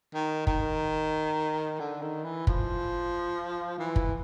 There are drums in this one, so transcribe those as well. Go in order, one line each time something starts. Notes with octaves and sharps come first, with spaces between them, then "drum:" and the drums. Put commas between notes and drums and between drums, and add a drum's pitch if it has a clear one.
D#3
D#3, drum: kick
D3
D#3
E3
F3, drum: kick
E3
drum: kick